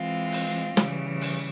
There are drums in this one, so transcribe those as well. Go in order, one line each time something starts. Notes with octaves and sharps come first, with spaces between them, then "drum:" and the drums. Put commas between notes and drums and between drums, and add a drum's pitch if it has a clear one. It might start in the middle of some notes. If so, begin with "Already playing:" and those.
Already playing: E3 G#3 C4 F4
drum: open hi-hat
C#3 E3 G3, drum: snare
drum: open hi-hat